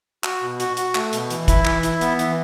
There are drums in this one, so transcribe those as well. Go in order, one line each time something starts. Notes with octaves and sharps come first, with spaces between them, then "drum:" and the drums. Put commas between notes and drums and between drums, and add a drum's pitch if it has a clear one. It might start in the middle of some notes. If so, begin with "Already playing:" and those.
F#4, drum: clap
B2
F#4, drum: hi-hat
F#4, drum: hi-hat
A3, drum: clap
B2, drum: hi-hat
E3, drum: hi-hat
E4, drum: kick, hi-hat
E3, drum: clap
E4, drum: hi-hat
B3, drum: hi-hat
E3, drum: hi-hat